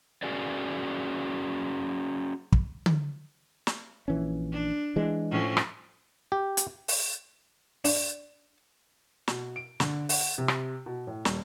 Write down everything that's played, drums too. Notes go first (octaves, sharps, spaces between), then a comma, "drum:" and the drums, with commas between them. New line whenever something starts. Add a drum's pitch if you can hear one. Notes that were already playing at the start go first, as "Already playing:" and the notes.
C#4 F#4 G#4 A#4 D5
drum: kick
drum: tom D3
drum: snare
A#1 E3 C#4
D4
E3 G#3
A2 F3 C#4
drum: rim click
G4
drum: hi-hat
drum: open hi-hat
D4, drum: open hi-hat
B2, drum: snare
D7
D3, drum: snare
F#5, drum: open hi-hat
C3
drum: rim click
B2
A2
D#1, drum: snare